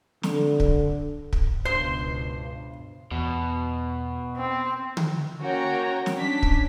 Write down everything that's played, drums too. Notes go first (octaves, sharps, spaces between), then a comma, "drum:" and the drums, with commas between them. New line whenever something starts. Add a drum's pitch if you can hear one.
D3, drum: snare
drum: kick
drum: kick
C#2 G2 B2 C5 C6
E2 B2
C4
drum: tom D3
A#3 C#4 F#4 C#5 G5 A#5
drum: snare
C#4 D4 B6
drum: kick